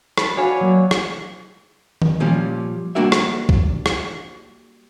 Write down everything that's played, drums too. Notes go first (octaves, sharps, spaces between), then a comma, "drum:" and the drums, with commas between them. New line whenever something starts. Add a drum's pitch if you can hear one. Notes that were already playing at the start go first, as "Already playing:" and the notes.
B4 A5 B5, drum: rim click
D4 F#4 C#5 D5 F5 G#5
F#3 A#3
drum: rim click
drum: tom D#3
A#2 F3 G3 C#4
G3 A#3 D4 F#4 A#4 E5
drum: rim click
drum: kick
drum: rim click